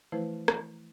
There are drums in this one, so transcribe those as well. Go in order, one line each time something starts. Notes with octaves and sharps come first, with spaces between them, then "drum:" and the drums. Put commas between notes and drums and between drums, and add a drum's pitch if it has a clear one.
E3 F3 A3 E4 B4 C5
drum: rim click